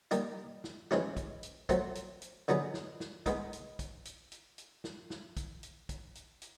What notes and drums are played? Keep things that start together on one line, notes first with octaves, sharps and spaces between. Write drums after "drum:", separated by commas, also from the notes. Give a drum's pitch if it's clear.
G3 A#3 D#4 G4, drum: hi-hat
drum: snare
E3 G#3 C#4 E4 G4, drum: snare
drum: kick, hi-hat
drum: hi-hat
F#3 A3 C4, drum: kick, hi-hat
drum: hi-hat
drum: hi-hat
D3 F#3 B3 D#4 G#4, drum: hi-hat
drum: snare
drum: snare
G#3 B3 D#4, drum: kick, hi-hat
drum: hi-hat
drum: kick, hi-hat
drum: hi-hat
drum: hi-hat
drum: hi-hat
drum: snare
drum: snare
drum: kick, hi-hat
drum: hi-hat
drum: kick, hi-hat
drum: hi-hat
drum: hi-hat